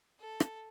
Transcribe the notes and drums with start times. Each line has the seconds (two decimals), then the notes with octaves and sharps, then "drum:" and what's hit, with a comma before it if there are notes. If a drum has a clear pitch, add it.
0.20 A4
0.40 drum: rim click